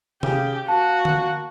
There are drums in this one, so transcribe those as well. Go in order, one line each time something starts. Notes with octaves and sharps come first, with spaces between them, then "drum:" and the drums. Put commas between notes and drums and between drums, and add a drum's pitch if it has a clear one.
C#3 G4, drum: tom C3
A#3 F#4 A5
drum: tom D3